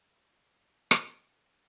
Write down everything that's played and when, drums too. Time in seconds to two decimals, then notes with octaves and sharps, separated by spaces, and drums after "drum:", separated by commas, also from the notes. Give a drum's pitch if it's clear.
0.14 C#3
0.51 D#3
0.91 drum: rim click